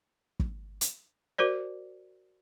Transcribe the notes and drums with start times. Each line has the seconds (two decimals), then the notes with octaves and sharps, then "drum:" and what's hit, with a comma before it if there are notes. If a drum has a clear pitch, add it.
0.40 drum: kick
0.81 drum: hi-hat
1.38 F#4 A#4 C5 D5